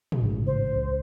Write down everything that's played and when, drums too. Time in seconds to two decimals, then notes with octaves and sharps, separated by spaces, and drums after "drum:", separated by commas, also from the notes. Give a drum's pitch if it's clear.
0.12 drum: tom
0.22 A1 G#2 C#3
0.47 C5
0.76 C#2